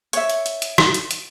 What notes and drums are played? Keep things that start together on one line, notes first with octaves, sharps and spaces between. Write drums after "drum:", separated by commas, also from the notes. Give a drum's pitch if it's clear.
C#5 E5, drum: hi-hat
drum: hi-hat
drum: hi-hat
drum: hi-hat
drum: rim click
drum: hi-hat
drum: hi-hat